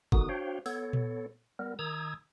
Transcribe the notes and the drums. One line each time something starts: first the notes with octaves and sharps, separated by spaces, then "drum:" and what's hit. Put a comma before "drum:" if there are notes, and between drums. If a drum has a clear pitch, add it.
D3 D#3 B3 D#4 F#4 D#6, drum: kick F#1
D4 F#4 C5 C#5 F5 G5
B3 A4 C#5, drum: open hi-hat
drum: tom A#2
G3 B3 A#4
D#3 A#5 D#6 E6 G#6